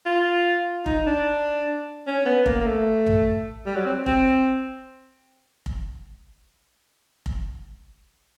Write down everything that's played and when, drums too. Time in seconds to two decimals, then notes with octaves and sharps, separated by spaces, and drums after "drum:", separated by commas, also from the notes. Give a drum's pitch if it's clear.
0.06 F4
0.86 D#4, drum: kick F1
1.06 D4
2.07 C#4
2.26 B3
2.46 A#3, drum: kick F1
2.61 A#3
2.67 A3
3.06 drum: tom A1
3.66 G3
3.76 F#3
3.86 C4
4.06 C4, drum: kick F1
5.66 drum: kick F1
7.26 drum: kick F1